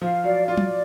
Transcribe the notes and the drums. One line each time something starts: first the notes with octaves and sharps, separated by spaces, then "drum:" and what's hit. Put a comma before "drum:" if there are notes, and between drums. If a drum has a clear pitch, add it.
F3 F5
F#3 D5
F4 D5
drum: tom F#3